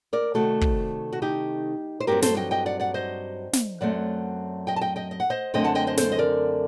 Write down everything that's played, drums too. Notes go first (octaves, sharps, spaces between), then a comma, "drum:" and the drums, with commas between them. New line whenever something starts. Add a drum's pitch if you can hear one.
A#4 D5
C3 D#3 A3 C4 F#4 A4
drum: kick
F#4
D#4 G4
C5
G2 F#3 C4 G4 A#4
A4 C5, drum: snare
D#5 G5
D#5 G5
D5 F#5
D5 F#5
C5 D#5
drum: snare
F#2 F#3 A3 C4 D5 F#5
D#5 G5
A5
D#5 G5
D#5 G5
D#5
F#5
C5 D#5
F#2 D3 A3 C4 D#5 G5
F#5 A5
D#5 G5
C5 D#5
A4 C5, drum: snare
D#5
A#4 D5